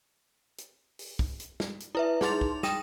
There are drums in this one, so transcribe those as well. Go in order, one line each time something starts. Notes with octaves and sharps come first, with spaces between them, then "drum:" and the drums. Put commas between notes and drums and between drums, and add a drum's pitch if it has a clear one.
drum: hi-hat
drum: open hi-hat
drum: kick
drum: hi-hat
drum: snare
drum: hi-hat
E4 B4 E5
D#4 G#4 C6 A6 F7, drum: snare
drum: kick
G5 D#6 A#6 D#7 E7, drum: snare